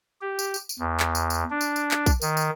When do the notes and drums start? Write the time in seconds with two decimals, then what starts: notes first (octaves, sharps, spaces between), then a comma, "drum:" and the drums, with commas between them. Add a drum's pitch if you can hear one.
0.21 G4
0.39 drum: tambourine
0.54 drum: tambourine
0.69 drum: tambourine
0.79 E2
1.00 drum: clap
1.15 drum: tambourine
1.30 drum: tambourine
1.50 D4
1.61 drum: tambourine
1.76 drum: tambourine
1.91 drum: clap
2.06 drum: kick A#1, tambourine
2.22 D#3, drum: tambourine
2.37 drum: tambourine